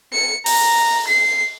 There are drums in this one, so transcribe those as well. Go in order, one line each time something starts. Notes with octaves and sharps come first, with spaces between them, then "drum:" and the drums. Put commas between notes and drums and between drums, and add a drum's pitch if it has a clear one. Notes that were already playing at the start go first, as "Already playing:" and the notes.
C#7
A#5, drum: open hi-hat
C7